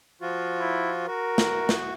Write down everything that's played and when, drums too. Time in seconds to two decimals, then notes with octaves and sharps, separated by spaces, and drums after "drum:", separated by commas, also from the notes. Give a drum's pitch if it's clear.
0.21 F3 F4 F#4
0.60 E4
1.07 F#4 A#4
1.38 drum: snare
1.69 drum: snare